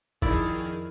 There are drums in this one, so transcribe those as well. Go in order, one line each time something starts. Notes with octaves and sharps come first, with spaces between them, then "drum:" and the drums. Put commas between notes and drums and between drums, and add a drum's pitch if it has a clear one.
F2 D#3 E4 G#4 D5, drum: kick